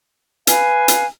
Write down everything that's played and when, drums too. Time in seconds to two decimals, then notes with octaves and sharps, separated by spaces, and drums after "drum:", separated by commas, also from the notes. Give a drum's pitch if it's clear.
0.47 B4 F5 G#5, drum: hi-hat
0.88 drum: hi-hat